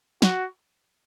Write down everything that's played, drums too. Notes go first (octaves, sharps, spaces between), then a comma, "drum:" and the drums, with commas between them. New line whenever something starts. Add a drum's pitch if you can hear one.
F#4, drum: snare